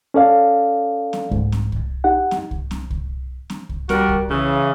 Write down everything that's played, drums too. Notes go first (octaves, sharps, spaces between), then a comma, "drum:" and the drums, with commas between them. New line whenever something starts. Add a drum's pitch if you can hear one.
C#4 A4 D5 F5
drum: snare C4
G#2, drum: kick C2
drum: snare C4
drum: kick C2
D#4 G4 F#5
drum: snare C4
drum: kick C2
drum: snare C4
drum: kick C2
drum: snare C4
drum: kick C2
G3 F#4 A#4, drum: snare C4
drum: kick C2
C#3 E3